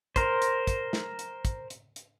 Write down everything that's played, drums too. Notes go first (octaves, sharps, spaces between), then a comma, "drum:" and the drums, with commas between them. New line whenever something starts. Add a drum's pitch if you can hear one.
A#4 C5, drum: kick, hi-hat
drum: hi-hat
drum: kick, hi-hat
drum: snare
drum: hi-hat
drum: kick, hi-hat
drum: hi-hat
drum: hi-hat